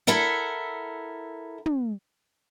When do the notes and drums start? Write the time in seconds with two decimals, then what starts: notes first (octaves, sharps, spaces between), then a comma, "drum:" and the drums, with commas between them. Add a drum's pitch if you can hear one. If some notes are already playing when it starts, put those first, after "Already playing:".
0.07 E4 A4 A#4 E5 F#5
1.66 drum: tom